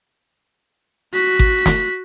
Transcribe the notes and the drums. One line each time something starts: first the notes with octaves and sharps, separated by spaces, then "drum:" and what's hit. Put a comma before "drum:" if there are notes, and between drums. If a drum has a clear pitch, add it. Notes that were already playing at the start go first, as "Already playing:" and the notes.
F#4 B6
drum: kick G#1
drum: snare